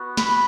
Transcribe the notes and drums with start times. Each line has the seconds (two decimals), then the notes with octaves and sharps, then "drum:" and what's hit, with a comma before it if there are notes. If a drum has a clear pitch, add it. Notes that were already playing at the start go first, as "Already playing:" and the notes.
Already playing: B3 F#4
0.17 B5, drum: snare